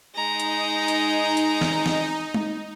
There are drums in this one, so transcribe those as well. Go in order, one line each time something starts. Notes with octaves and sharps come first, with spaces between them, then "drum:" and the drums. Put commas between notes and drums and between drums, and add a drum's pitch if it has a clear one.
G#3 D#4 A#5
drum: hi-hat
drum: hi-hat
drum: hi-hat
drum: snare
drum: snare
drum: tom